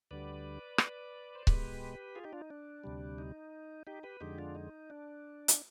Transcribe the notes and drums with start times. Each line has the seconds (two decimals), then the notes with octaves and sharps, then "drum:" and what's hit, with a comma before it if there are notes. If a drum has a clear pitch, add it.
0.11 D2 D3 G3 B4 D5
0.78 drum: rim click
1.35 C5
1.47 B2 G#3 G4 B4, drum: kick C#1
2.15 F4 G#4
2.24 D#4 G4
2.33 D4 F4
2.41 D#4
2.50 D4
2.84 D2 C3 G3
3.18 D#4
3.87 D#4 G4
4.03 G4 B4
4.20 F2 D3 G#3 D#4 G4
4.38 D4 F4
4.55 D#4
4.90 D4
5.48 drum: hi-hat